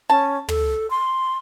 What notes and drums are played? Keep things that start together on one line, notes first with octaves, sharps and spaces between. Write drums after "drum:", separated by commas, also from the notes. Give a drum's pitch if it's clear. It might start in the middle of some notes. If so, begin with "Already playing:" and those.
C#4 A5
A4, drum: tom
C6